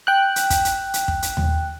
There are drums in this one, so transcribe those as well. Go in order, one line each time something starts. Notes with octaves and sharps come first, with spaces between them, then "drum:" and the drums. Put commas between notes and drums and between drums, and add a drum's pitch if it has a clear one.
G5 F#6
drum: hi-hat
drum: kick, hi-hat
drum: hi-hat
drum: hi-hat
drum: kick
drum: hi-hat
drum: tom D#2